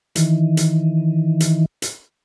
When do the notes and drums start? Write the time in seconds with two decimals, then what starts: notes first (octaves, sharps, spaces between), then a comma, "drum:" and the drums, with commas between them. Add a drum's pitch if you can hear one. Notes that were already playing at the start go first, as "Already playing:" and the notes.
0.16 D#3 E3, drum: hi-hat
0.57 drum: hi-hat
1.40 drum: hi-hat
1.82 drum: hi-hat